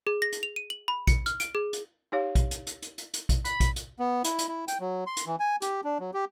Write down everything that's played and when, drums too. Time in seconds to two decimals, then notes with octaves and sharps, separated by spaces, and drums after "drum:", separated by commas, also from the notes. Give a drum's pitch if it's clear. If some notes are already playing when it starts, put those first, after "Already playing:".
0.07 G#4
0.22 A#6
0.32 drum: hi-hat
0.43 F7
0.56 D#7
0.70 F#7
0.88 B5
1.07 C#7, drum: kick A#1, hi-hat
1.26 F6, drum: hi-hat
1.40 D7, drum: hi-hat
1.55 G#4
1.73 drum: hi-hat
2.12 D#4 G4 C#5 F5
2.35 drum: kick A#1, hi-hat
2.51 drum: hi-hat
2.67 drum: hi-hat
2.82 drum: hi-hat
2.98 drum: hi-hat
3.14 drum: hi-hat
3.29 drum: kick A#1, hi-hat
3.45 B5, drum: hi-hat
3.60 drum: kick A#1, hi-hat
3.76 drum: hi-hat
3.99 B3
4.24 E4, drum: hi-hat
4.38 drum: hi-hat
4.48 E4
4.68 G5, drum: hi-hat
4.80 F#3
5.07 C6
5.17 drum: hi-hat
5.26 E3
5.40 G#5
5.62 G4, drum: hi-hat
5.84 D4
6.00 F#3
6.14 G4